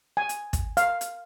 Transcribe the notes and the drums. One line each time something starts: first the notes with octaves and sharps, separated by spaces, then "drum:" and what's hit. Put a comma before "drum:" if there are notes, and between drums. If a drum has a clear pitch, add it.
G#5
drum: hi-hat
drum: kick, hi-hat
F5, drum: hi-hat
drum: hi-hat